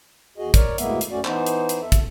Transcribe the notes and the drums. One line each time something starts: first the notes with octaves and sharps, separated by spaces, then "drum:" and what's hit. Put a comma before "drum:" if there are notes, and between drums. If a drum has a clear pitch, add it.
E2 F#4 G#4 D#5
A#4 C#5 D5, drum: kick, hi-hat
D2 A2 G#3 A#3 B3 E5, drum: hi-hat
drum: hi-hat
F#2 A3 C#4 F#4 D5
E3 B3 D#4 C5, drum: clap
drum: hi-hat
drum: hi-hat
E2 A4 E5
drum: kick, hi-hat